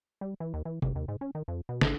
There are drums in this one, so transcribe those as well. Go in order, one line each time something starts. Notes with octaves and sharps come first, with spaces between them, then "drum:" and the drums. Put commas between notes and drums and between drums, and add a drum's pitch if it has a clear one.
G3
E3
D#2
E3
G1, drum: tom C3
D#2
G#2
C#4
D#3
F2
B2
G#1, drum: snare